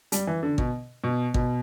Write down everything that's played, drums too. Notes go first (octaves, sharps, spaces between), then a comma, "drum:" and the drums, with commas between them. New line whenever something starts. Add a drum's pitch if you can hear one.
G3, drum: hi-hat
E3
D3
B2, drum: kick G#1
B2
B2, drum: kick G#1